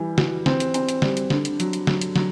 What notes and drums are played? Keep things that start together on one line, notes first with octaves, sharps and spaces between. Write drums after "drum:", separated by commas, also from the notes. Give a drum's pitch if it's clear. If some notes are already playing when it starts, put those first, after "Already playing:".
Already playing: E3 G3
F#4, drum: snare
C4, drum: snare
drum: hi-hat
C4, drum: hi-hat
drum: hi-hat
G3, drum: snare
drum: hi-hat
D3, drum: snare
drum: hi-hat
F#3, drum: hi-hat
drum: hi-hat
F#3, drum: snare
drum: hi-hat
F#3, drum: snare